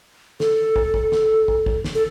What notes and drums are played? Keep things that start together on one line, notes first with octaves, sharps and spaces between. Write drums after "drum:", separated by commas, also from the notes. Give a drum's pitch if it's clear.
A4, drum: snare
drum: kick
drum: kick
drum: snare
drum: kick
drum: kick
drum: snare
A4